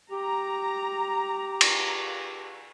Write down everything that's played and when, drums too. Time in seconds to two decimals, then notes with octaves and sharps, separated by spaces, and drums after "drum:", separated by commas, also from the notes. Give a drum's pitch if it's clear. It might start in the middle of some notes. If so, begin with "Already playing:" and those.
0.11 G4 A#5
1.61 drum: cymbal